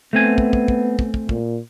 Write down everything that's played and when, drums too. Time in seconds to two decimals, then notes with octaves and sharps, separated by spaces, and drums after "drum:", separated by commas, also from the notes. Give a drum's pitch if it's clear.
0.13 A3 B3 C4 G#5
0.38 drum: kick
0.53 drum: kick
0.68 drum: kick
0.99 drum: kick
1.14 drum: kick
1.29 A#2, drum: kick